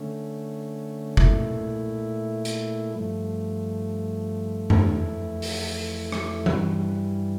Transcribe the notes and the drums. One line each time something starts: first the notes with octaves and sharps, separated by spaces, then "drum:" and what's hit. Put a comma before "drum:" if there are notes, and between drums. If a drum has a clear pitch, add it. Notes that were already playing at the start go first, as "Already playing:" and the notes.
Already playing: D3 A3 C#4
A#2 A3 E4, drum: kick
drum: hi-hat
G2 F3 A3
F2 E3 A3 E4, drum: tom F#2
drum: open hi-hat
drum: rim click
G2 E3 G3, drum: tom E3